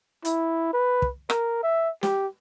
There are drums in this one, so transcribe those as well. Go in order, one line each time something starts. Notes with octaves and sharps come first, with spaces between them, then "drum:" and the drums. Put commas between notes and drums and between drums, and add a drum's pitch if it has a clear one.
E4, drum: hi-hat
B4
drum: kick
A#4, drum: rim click
E5
G4, drum: snare